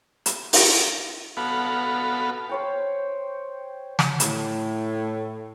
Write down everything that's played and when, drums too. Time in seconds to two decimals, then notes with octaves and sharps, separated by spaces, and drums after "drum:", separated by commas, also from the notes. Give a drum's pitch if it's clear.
0.26 drum: hi-hat
0.53 drum: open hi-hat
1.37 B3 F#4 A4 F5 B5
2.49 C5 C#5 G5
3.99 drum: snare
4.20 A2, drum: hi-hat